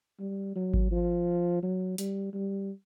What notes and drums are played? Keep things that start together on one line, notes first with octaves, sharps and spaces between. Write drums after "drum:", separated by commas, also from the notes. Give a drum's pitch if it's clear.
G3
F#3
drum: kick G#1
F3
F#3
G3, drum: hi-hat
G3